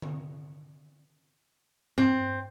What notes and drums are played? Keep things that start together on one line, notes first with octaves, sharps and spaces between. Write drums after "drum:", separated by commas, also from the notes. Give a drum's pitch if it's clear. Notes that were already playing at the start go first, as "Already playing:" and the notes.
drum: tom D3
C4, drum: tom G2